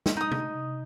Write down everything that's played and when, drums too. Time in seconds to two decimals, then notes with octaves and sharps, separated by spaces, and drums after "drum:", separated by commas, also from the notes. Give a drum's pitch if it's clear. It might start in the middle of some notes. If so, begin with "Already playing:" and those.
0.06 drum: snare
0.17 D#4 D#6
0.31 drum: tom C3